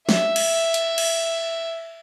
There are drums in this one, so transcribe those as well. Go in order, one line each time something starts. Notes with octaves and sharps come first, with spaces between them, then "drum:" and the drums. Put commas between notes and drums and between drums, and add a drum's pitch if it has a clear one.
E5, drum: snare
drum: cymbal
drum: hi-hat
drum: cymbal